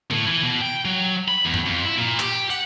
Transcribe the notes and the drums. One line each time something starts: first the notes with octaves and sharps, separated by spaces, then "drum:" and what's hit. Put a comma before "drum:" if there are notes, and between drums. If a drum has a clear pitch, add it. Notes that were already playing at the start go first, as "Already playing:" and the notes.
A2, drum: tom D3
E3
B2
G5
F#3
B5
E2
drum: tom G2
F2
E4
A#2
G4, drum: clap
F#5, drum: hi-hat